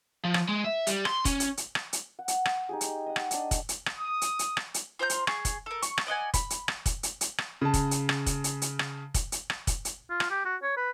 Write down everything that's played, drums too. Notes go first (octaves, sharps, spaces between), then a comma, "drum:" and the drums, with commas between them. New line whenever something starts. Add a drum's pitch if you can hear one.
F3
drum: rim click
G#3
E5
G3, drum: hi-hat
C6, drum: rim click
C#4, drum: kick, hi-hat
drum: hi-hat
drum: hi-hat
drum: rim click
drum: hi-hat
F#5
drum: hi-hat
drum: rim click
D#4 G4 G#4
drum: hi-hat
D#5 F#5
drum: rim click
D4 D#5, drum: hi-hat
drum: kick, hi-hat
drum: hi-hat
drum: rim click
D#6
drum: hi-hat
drum: hi-hat
drum: rim click
drum: hi-hat
F4 C5 A#5 G6
drum: hi-hat
G#4 C#6, drum: rim click
drum: kick, hi-hat
A4 A#4
C#6, drum: hi-hat
drum: rim click
D5 D#5 F#5 G#5
B5, drum: kick, hi-hat
drum: hi-hat
drum: rim click
drum: kick, hi-hat
drum: hi-hat
drum: hi-hat
drum: rim click
C#3 A5
drum: kick, hi-hat
drum: hi-hat
drum: rim click
drum: kick, hi-hat
drum: hi-hat
drum: hi-hat
drum: rim click
drum: kick, hi-hat
drum: hi-hat
drum: rim click
drum: kick, hi-hat
drum: hi-hat
F4
drum: rim click
G4
F#4
C#5
B4